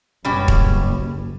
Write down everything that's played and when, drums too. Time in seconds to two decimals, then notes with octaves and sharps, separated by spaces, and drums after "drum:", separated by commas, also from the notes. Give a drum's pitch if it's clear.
0.25 F#1 B2 G3 C#4
0.48 drum: kick